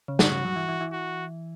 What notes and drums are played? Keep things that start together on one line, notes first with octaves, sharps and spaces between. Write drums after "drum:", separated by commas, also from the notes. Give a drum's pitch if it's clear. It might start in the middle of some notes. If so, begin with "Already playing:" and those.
C#3
D3 F#4, drum: snare
C#3
F#3
E3
E3
E3
F#4